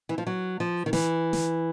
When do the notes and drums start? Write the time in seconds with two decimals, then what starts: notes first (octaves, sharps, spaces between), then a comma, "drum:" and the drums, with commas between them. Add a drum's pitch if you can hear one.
0.09 E3
0.18 F3
0.27 F#3
0.60 F3
0.86 D#3
0.93 E3, drum: snare
1.33 drum: snare